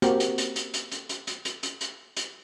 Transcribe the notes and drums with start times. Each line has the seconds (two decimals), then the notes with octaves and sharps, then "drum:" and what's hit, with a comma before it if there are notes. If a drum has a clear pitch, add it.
0.02 A#3 C4 F#4 G4 A#4, drum: hi-hat
0.20 drum: hi-hat
0.38 drum: hi-hat
0.56 drum: hi-hat
0.74 drum: hi-hat
0.92 drum: hi-hat
1.09 drum: hi-hat
1.27 drum: hi-hat
1.45 drum: hi-hat
1.63 drum: hi-hat
1.81 drum: hi-hat
2.17 drum: hi-hat